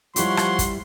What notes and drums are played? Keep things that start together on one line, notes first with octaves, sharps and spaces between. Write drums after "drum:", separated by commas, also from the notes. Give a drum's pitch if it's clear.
F3 G3 E4 G4 C#5 F#5 C6 C#6, drum: hi-hat
drum: rim click
drum: kick, hi-hat